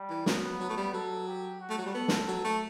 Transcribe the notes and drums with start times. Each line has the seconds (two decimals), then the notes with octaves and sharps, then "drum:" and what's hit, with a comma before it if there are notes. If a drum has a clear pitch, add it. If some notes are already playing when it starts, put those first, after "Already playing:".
Already playing: G3
0.10 E3
0.26 F#3 B3, drum: snare
0.60 F#3
0.69 A3
0.77 G3
0.94 F#3 A4
1.28 G4
1.60 F#4
1.70 A3
1.78 F#3
1.86 G3
1.94 B3 A4
2.08 drum: snare
2.28 F#3
2.44 A3